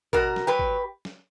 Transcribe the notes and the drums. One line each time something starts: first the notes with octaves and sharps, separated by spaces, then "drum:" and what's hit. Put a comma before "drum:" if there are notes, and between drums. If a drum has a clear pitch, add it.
B2 F#4 A#4, drum: kick
drum: snare
F#3 G4 B4
drum: kick
drum: snare